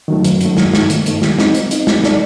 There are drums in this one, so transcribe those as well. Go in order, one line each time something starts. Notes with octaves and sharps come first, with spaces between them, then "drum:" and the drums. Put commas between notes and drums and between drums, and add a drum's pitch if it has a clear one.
D#3 F#3 A3
F#2, drum: hi-hat
D#3 F#3 A3, drum: hi-hat
G2, drum: snare
D#3 A3, drum: snare
G2, drum: hi-hat
D#3 A3, drum: hi-hat
G3, drum: snare
C4 D#4, drum: snare
G3, drum: hi-hat
C4 D#4, drum: hi-hat
A3, drum: snare
D#4 A4 D5, drum: snare